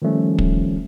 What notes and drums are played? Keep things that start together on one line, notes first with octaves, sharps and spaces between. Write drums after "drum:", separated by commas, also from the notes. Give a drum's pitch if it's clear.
D#3 F3 G3 A3 C#4
drum: kick